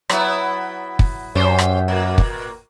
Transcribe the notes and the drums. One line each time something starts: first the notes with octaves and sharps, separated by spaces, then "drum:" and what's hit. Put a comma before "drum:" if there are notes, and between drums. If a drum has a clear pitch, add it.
F#3 B3 E4, drum: rim click
drum: kick
F#2 C#4 G4 C5
drum: rim click
A#2 A#3
drum: kick